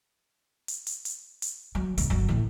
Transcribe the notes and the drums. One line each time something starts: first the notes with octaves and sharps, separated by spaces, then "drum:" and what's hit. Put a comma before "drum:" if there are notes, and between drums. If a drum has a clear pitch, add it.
drum: hi-hat
drum: hi-hat
drum: hi-hat
drum: hi-hat
F#3
C#3 F3, drum: hi-hat
G1 F#3
A2 E3